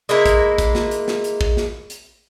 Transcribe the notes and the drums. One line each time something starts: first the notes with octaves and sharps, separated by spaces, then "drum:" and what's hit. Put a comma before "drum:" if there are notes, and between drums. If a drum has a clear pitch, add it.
G#3 A#3 E4
drum: kick, hi-hat
drum: kick, hi-hat
drum: snare
drum: hi-hat
drum: snare
drum: hi-hat
drum: kick
drum: snare
drum: hi-hat